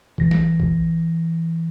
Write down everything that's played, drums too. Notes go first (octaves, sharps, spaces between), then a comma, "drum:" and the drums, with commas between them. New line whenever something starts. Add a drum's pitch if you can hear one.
E3 A#6, drum: kick A#1
drum: snare
drum: kick A#1